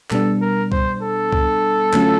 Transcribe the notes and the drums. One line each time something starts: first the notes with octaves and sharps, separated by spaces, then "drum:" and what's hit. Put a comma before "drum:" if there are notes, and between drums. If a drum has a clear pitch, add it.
B2 G3 B3 D4 A4, drum: clap
A#4
C5, drum: kick
A4
drum: kick
D3 F#3 A3 C#4 F4, drum: clap